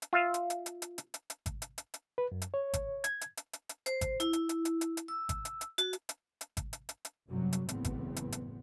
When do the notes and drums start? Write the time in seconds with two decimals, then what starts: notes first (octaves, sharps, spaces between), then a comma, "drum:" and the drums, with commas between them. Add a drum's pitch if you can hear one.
0.02 drum: hi-hat
0.13 F4 E5 F5
0.34 drum: hi-hat
0.50 drum: hi-hat
0.66 drum: hi-hat
0.82 drum: hi-hat
0.98 drum: hi-hat
1.14 drum: hi-hat
1.30 drum: hi-hat
1.46 drum: kick, hi-hat
1.62 drum: hi-hat
1.78 drum: hi-hat
1.94 drum: hi-hat
2.18 B4
2.32 F#2
2.42 drum: hi-hat
2.54 C#5
2.74 drum: kick, hi-hat
3.04 G#6, drum: hi-hat
3.21 drum: hi-hat
3.37 drum: hi-hat
3.53 drum: hi-hat
3.69 drum: hi-hat
3.86 C5, drum: hi-hat
4.01 drum: kick, hi-hat
4.20 E4, drum: hi-hat
4.33 drum: hi-hat
4.49 drum: hi-hat
4.65 drum: hi-hat
4.81 drum: hi-hat
4.97 drum: hi-hat
5.08 E6
5.29 drum: kick, hi-hat
5.45 drum: hi-hat
5.61 drum: hi-hat
5.78 F#4, drum: hi-hat
5.93 drum: hi-hat
6.09 drum: hi-hat
6.41 drum: hi-hat
6.57 drum: kick, hi-hat
6.73 drum: hi-hat
6.89 drum: hi-hat
7.05 drum: hi-hat
7.29 F#1 F#2 C3 F#3 G3
7.53 drum: hi-hat
7.69 F#1 E2 A2 B3 C4, drum: hi-hat
7.85 drum: kick, hi-hat
8.16 drum: hi-hat
8.32 drum: hi-hat